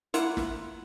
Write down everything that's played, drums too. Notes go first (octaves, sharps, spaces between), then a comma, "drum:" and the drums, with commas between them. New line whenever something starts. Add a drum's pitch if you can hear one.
A#3 E4 F4 F#5, drum: hi-hat
drum: snare